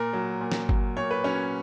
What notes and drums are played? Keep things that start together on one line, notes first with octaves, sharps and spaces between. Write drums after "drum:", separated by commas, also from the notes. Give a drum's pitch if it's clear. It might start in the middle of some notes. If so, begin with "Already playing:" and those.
Already playing: A#2 A#4
F#3
A#2
drum: snare
F#3, drum: kick G1
A#2 C#5
B4
F#3 C#4 C#5